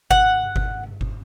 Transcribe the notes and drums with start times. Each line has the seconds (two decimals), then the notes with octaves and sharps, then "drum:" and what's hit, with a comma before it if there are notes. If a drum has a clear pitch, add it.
0.11 F#5, drum: kick G1
0.56 drum: kick G1
1.01 drum: kick G1